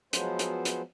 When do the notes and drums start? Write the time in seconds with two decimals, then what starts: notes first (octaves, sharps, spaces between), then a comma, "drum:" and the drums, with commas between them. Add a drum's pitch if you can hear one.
0.13 F3 F#3 G#3 B3 C5, drum: hi-hat
0.39 drum: hi-hat
0.65 drum: hi-hat